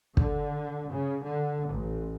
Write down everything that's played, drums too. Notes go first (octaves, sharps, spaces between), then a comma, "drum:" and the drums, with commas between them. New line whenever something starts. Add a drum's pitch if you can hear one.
D3, drum: kick
C#3
D3
A1